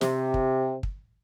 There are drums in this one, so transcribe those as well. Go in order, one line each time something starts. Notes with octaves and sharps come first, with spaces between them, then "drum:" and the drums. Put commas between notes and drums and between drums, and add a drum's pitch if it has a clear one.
C3, drum: snare
drum: kick
drum: kick